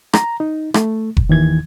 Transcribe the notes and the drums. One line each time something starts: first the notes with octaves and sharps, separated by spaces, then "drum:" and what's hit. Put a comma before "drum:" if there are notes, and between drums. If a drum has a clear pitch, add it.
A#5, drum: rim click
D#4
A3, drum: rim click
drum: kick F1
D#2 D#3 E3 G#6